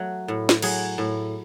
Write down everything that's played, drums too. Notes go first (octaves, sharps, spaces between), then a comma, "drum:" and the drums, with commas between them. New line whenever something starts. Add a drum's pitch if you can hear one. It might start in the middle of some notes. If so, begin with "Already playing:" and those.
Already playing: F#3 A3 A4
A2
drum: snare
F#3 G#4, drum: cymbal
A2